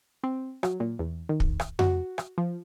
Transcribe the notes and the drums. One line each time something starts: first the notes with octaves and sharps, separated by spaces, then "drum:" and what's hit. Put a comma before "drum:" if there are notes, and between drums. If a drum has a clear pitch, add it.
C4
F#3, drum: rim click
A#2
E2
D#3
drum: kick
drum: rim click
F#4, drum: tom F2
drum: rim click
F3